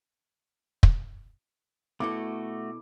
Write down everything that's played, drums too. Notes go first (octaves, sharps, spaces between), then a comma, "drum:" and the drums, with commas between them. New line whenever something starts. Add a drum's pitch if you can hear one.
drum: kick
B2 A3 E4 F#4 A4 D6